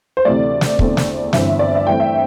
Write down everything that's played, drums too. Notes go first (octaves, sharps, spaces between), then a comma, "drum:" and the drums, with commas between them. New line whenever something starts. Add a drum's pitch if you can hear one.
C5
D2 C3 E3 A3 D5
drum: snare
E2 D3 A3 C4, drum: kick
drum: snare
G1 G2 E3 C4 E5, drum: snare
D5
E5
G2 E3 A3 C4 G5
E5